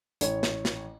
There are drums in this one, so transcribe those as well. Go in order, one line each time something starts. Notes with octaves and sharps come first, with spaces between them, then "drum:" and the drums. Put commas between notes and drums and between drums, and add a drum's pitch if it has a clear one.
A1 C#5, drum: hi-hat
drum: snare
drum: snare